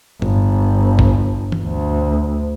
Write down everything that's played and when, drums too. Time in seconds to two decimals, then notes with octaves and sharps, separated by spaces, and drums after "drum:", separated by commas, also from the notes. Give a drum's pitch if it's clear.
0.22 G1, drum: tom A2
0.99 drum: kick A1
1.52 drum: tom E3
1.64 D2